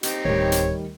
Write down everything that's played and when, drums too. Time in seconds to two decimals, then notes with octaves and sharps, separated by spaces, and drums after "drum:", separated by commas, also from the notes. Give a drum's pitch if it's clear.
0.03 C4 D#4 G4, drum: hi-hat
0.25 D1 D#3 G3 C#5
0.52 drum: hi-hat